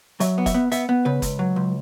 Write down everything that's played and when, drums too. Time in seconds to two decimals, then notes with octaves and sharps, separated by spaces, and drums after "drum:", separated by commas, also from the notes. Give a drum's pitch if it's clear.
0.20 F#3 E5, drum: hi-hat
0.38 B3
0.46 E5, drum: kick F#1, hi-hat
0.54 B3
0.72 B3 E5, drum: hi-hat
0.89 B3
1.05 C#3 B4
1.22 C#2, drum: kick F#1, hi-hat
1.39 F#3
1.56 C#2